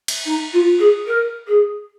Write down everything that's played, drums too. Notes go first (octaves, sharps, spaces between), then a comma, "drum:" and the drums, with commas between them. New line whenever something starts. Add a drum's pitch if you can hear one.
drum: cymbal
D#4
F4
G#4
A#4
G#4